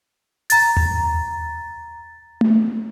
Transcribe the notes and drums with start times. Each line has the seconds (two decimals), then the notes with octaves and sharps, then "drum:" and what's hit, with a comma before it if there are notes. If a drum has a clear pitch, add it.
0.50 A#5 A6, drum: hi-hat
0.77 drum: tom D#2
2.41 drum: tom A3